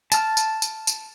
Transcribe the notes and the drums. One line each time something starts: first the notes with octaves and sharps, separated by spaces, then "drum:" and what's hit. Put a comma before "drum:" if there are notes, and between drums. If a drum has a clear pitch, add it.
A5 F6, drum: tambourine
drum: tambourine
drum: tambourine
drum: tambourine